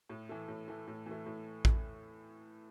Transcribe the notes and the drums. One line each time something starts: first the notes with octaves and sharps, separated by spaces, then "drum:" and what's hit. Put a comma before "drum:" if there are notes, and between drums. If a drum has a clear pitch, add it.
A2
E3 A3
A2
E3 A3
A2
E3 A3
A2
drum: kick A1